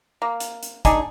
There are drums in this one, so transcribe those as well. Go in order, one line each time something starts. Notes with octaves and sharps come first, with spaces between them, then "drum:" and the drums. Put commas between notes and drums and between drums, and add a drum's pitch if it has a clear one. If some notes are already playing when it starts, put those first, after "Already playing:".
A#3
drum: hi-hat
drum: hi-hat
D4 D#4 G#4, drum: kick, hi-hat